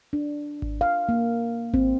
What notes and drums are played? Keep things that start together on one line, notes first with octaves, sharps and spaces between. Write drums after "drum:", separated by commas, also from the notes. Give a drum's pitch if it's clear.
D4
drum: kick G#1
F5
A#3
C4, drum: kick G#1